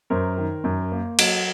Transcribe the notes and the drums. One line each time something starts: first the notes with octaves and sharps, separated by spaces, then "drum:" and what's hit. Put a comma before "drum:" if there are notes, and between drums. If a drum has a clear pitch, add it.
F#2 A#4 C5
D#3
F#2
A#3
F#3, drum: cymbal